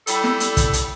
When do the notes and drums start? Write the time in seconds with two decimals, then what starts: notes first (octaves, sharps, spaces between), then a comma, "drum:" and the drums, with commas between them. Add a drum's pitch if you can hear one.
0.07 G3 E4 G4 A4, drum: hi-hat
0.24 drum: snare
0.40 drum: hi-hat
0.57 drum: kick, hi-hat
0.73 drum: hi-hat